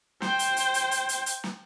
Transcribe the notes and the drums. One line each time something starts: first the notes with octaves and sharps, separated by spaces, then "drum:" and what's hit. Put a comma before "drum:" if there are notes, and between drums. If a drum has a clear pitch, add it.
C5 G5, drum: snare
drum: hi-hat
drum: hi-hat
drum: hi-hat
drum: hi-hat
drum: hi-hat
drum: hi-hat
drum: snare